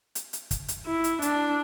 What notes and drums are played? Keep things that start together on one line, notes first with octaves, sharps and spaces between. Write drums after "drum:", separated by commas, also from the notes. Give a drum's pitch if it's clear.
drum: hi-hat
drum: hi-hat
drum: kick, hi-hat
drum: hi-hat
E4
drum: hi-hat
D4, drum: hi-hat